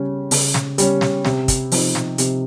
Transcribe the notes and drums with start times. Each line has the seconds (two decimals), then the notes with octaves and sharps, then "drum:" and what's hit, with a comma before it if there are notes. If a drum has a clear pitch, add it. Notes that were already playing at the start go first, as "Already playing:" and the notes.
Already playing: C#3 G3 C#4
0.31 C#3, drum: open hi-hat
0.54 drum: snare
0.78 G3 C#4, drum: hi-hat
1.01 drum: snare
1.25 C3, drum: snare
1.48 drum: kick, hi-hat
1.72 F3 C4 D#4, drum: open hi-hat
1.95 drum: snare
2.18 C3, drum: hi-hat